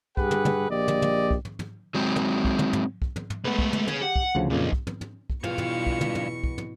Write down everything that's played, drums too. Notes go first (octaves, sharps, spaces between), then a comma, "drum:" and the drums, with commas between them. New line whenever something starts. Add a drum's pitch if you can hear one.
G2 G4 G#4 B4 F#5, drum: kick
drum: tom
drum: tom
A#1 A#2 G4 D5 D#5
drum: tom
drum: tom
drum: kick
drum: tom
drum: tom
F#3 G#3 C4
drum: tom
drum: kick
drum: tom
drum: tom
drum: kick
drum: tom
drum: tom
G#3 A3 B3 B4
drum: kick
drum: tom
C#4 G#4, drum: tom
G4 F#5
drum: kick
D2 C#3 F3
B1 F2 A#2 C#3
drum: kick
drum: tom
drum: tom
drum: kick
E2 G2 B2 F4 F5 C#6, drum: tom
drum: tom
drum: kick
drum: tom
drum: tom
drum: kick
drum: tom